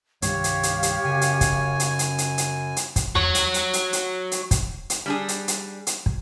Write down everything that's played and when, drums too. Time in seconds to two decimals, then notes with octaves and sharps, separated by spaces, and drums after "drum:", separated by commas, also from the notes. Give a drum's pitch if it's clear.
0.22 C2 G2 D#3 G4 C#5 F5, drum: hi-hat
0.44 drum: hi-hat
0.63 drum: hi-hat
0.83 drum: hi-hat
1.05 F#2 C#3 G#5
1.21 drum: hi-hat
1.41 drum: kick, hi-hat
1.80 drum: hi-hat
1.99 drum: hi-hat
2.18 drum: hi-hat
2.38 drum: hi-hat
2.76 drum: hi-hat
2.96 drum: kick, hi-hat
3.15 F#4 C#5, drum: tom E2
3.35 drum: hi-hat
3.54 drum: hi-hat
3.73 drum: hi-hat
3.93 drum: hi-hat
4.32 drum: hi-hat
4.51 drum: kick, hi-hat
4.90 drum: hi-hat
5.06 G3 D4 G#4
5.28 drum: hi-hat
5.48 drum: hi-hat
5.87 drum: hi-hat
6.06 drum: kick